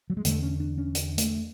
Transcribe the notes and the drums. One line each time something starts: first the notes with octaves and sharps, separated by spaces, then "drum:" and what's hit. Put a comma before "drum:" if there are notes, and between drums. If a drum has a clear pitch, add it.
F#3
G#3
E2 D3 A3, drum: hi-hat
C#4
D4
C#4
drum: hi-hat
A3, drum: hi-hat